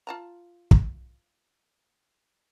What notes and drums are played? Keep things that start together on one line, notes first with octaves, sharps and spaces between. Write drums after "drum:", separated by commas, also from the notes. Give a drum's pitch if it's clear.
F4 A5 A#5
drum: kick